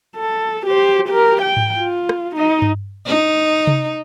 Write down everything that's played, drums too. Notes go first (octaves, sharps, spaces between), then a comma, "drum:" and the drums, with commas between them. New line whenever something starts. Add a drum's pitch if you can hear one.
A4
G4 C5
G4 A#4
G5
drum: tom G#2
F4
drum: rim click
D#4 D#5
drum: tom G2
D#4
drum: tom C3